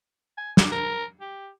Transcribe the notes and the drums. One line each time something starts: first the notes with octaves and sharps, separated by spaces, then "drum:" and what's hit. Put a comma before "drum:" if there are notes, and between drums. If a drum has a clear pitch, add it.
G#5
D6, drum: snare
A#4
G4